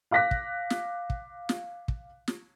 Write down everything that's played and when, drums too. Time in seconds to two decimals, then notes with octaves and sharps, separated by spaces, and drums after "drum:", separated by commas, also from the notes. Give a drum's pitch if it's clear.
0.11 F5 D6 F#6 A#6 B6
0.31 drum: kick
0.70 drum: snare
1.10 drum: kick
1.49 drum: snare
1.88 drum: kick
2.28 drum: snare